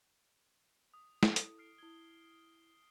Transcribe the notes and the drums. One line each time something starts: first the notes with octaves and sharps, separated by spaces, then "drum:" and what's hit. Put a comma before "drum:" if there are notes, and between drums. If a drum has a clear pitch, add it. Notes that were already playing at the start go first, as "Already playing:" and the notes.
D#6
drum: snare
E4 A4, drum: hi-hat
F6 C7 D7
E4 G#6 G7